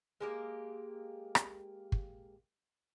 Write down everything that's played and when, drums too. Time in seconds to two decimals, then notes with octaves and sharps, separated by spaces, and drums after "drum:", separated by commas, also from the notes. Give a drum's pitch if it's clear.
0.21 G#3 A#3 G4
1.35 drum: rim click
1.92 drum: kick